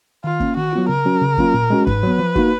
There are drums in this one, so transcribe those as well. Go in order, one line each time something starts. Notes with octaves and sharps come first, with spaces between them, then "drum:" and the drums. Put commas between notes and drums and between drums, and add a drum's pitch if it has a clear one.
D#3 F4
A#3 C#4, drum: kick
D#3 F#4
F#3 B3 F4
C#3 A#4
F#3 C#4 F#4
C#3
F#3 A#3 C#4 F4, drum: kick
A#2
G#3 C#4 F#4
G#2 B4, drum: kick
F#3 B3
F3
A#3 D#4 F#4, drum: kick